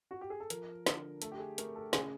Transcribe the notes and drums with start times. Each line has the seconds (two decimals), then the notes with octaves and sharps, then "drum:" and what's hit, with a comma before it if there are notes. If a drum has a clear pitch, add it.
0.11 F#4
0.21 G4
0.30 G#4
0.40 A4
0.50 F3 A#4, drum: hi-hat
0.86 D3, drum: snare
1.22 A3 A4, drum: hi-hat
1.32 G4
1.39 G#4
1.58 A3 A#4, drum: hi-hat
1.76 A4
1.93 C#3 G#4, drum: snare